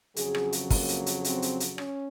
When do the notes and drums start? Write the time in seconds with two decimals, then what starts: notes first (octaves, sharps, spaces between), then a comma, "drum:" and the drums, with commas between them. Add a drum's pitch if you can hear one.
0.16 F2 C#3 F#3 G#4, drum: hi-hat
0.35 drum: rim click
0.52 drum: hi-hat
0.70 A#3, drum: kick, open hi-hat
0.88 drum: hi-hat
1.06 drum: hi-hat
1.24 C4, drum: hi-hat
1.42 drum: hi-hat
1.60 drum: hi-hat
1.78 C#4, drum: rim click